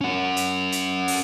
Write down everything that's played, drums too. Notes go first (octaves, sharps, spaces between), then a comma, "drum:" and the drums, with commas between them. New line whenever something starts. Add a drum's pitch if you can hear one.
C#4 F#5
drum: hi-hat
drum: hi-hat
drum: open hi-hat